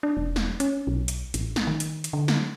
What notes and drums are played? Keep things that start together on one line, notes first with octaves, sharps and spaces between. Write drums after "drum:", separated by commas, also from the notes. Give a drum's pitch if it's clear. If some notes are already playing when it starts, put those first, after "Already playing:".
D4
E1
drum: snare
C#4, drum: hi-hat
B1
drum: hi-hat
A1, drum: hi-hat
drum: snare
D#3
drum: hi-hat
drum: hi-hat
D3
drum: snare